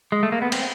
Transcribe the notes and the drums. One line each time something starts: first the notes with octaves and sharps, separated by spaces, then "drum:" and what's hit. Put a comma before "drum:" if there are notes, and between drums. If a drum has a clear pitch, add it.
G#3
A3
A#3
B3
C4, drum: cymbal